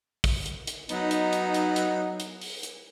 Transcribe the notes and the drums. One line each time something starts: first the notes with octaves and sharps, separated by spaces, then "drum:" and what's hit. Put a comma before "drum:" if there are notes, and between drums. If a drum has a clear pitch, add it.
drum: kick, open hi-hat
drum: hi-hat
drum: hi-hat
F#3 B3 D#4, drum: hi-hat
drum: hi-hat
drum: hi-hat
drum: hi-hat
drum: hi-hat
drum: hi-hat
drum: open hi-hat
drum: hi-hat